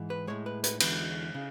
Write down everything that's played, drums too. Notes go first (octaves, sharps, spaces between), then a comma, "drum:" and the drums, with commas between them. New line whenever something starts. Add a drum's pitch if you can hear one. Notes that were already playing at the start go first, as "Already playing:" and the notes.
Already playing: G#2 E3
B4
A2 G#3 C#5
B4
B4, drum: hi-hat
E2 D3 G#3 B4, drum: cymbal
C#3